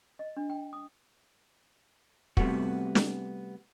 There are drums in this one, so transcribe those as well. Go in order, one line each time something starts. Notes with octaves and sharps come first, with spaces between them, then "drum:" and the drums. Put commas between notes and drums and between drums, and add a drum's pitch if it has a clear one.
D#5
D4
G5
D#6
C3 G3 A3 B3 F#4, drum: kick
drum: snare